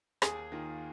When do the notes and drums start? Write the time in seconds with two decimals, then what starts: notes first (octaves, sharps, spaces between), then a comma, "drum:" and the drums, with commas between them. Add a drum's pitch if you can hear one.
0.22 D#2 G#4, drum: rim click
0.52 D#3 A#3 F4